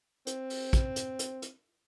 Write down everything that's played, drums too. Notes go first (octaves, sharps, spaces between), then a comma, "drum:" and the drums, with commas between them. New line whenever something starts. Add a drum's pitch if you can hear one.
C4, drum: hi-hat
drum: open hi-hat
drum: kick, hi-hat
drum: hi-hat
drum: hi-hat
drum: hi-hat